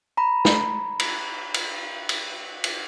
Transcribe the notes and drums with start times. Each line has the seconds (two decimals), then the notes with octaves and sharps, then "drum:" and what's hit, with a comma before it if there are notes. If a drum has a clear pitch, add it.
0.17 A#5 B5
0.45 drum: snare
1.00 drum: cymbal
1.54 drum: cymbal
2.09 drum: cymbal
2.64 drum: cymbal